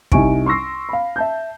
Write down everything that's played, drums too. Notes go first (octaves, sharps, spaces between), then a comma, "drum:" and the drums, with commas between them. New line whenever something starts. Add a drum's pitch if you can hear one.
C2 G3 D#4 G#5 C#6 D7, drum: kick
C6 C#6 E6 A#6 C7
F5 B5
E5 A5 G6